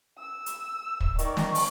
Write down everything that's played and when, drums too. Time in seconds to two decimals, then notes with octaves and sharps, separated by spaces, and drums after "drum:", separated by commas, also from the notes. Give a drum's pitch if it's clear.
0.18 E6
0.46 drum: hi-hat
1.00 drum: kick
1.19 D#3 A#4 D5 C#6, drum: hi-hat
1.37 drum: snare
1.55 drum: open hi-hat